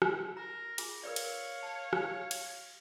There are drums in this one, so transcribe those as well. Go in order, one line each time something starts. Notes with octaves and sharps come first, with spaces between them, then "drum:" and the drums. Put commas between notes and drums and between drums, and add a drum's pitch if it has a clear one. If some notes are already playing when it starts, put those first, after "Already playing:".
drum: rim click
A#4 A#5
F4 G#4 G#5, drum: cymbal
A#4 B4 C#5 D5 F5
drum: cymbal
A5
drum: rim click
drum: cymbal